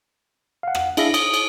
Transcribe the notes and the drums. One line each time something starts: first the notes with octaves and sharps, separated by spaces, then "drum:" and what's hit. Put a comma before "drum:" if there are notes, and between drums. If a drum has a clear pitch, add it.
F5 F#5
drum: rim click
D4 E4 G#4 E5 F5 A#6, drum: cymbal
D#6, drum: cymbal
drum: cymbal